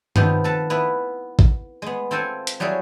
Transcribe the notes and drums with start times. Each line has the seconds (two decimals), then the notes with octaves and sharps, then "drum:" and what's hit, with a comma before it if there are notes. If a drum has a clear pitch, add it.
0.16 C3 D#3 F3 B3 C5, drum: tom G2
0.44 A4 B4 A5
0.70 B3 E4 B4
1.39 drum: kick A1
1.82 G#3 B3
2.11 C4 F4 A4 C5 G#5
2.47 drum: hi-hat
2.60 F#3 G3 E4 G#4 C#5